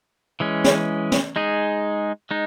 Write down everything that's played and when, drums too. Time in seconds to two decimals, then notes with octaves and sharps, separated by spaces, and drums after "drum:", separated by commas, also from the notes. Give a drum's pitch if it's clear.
0.40 E3 G#3 C#4
0.64 drum: snare
1.12 drum: snare
1.36 G#3 D#4 G#4
2.31 G#3 D#4